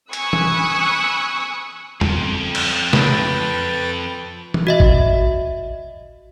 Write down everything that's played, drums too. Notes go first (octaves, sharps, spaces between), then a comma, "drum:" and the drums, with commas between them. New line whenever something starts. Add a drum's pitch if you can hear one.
G#5 B5 C#6 D#6 E6 F#6, drum: hi-hat
drum: tom E3
F2, drum: tom
drum: cymbal
B4 G5 A5, drum: snare
drum: tom E3
F#4 D#5 E5
drum: kick